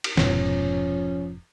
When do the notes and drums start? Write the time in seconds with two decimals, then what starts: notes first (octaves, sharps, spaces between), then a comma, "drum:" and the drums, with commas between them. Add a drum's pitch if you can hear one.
0.04 drum: cymbal
0.17 F1 G#2 B2 F3 C#4, drum: snare